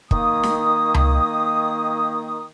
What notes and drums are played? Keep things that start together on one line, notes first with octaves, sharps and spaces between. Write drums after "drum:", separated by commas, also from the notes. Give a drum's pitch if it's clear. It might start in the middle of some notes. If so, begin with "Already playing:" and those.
D#3 A#3 D#6, drum: kick
drum: snare
drum: tom C#2